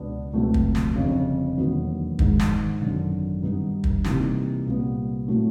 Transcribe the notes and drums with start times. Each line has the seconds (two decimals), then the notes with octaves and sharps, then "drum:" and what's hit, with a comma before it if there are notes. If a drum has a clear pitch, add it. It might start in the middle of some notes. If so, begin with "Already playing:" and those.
Already playing: C#2 B2 G#3 B3 D4
0.33 C#2 B2 F#3 A3 C4
0.54 drum: kick
0.75 drum: snare
0.96 G1 F2 C#3
1.57 E1 D#2 D3 F#3 B3
2.19 G#2 D#3 G#3, drum: kick
2.39 drum: snare
2.81 G#1 F#2 D3
3.43 G2 D#3 G3 B3 D#4
3.84 drum: kick
4.04 C3 E3 G3 A#3 D#4, drum: snare
4.66 C2 A#2 G3 B3
5.28 A2 F#3 A3